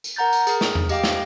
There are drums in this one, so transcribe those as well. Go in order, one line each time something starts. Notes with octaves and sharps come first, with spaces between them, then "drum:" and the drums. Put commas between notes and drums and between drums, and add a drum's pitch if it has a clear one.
drum: tambourine
A#4 F#5 A#5 G6 A6
drum: tambourine
G#4 A#4, drum: tambourine
drum: snare
drum: tom E2
G4 D#5 F5 G5 D6, drum: tambourine
drum: snare